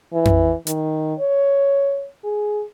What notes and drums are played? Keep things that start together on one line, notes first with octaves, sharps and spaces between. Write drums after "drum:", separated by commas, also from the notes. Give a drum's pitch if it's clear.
E3
drum: tom F2
D#3, drum: hi-hat
C#5
G#4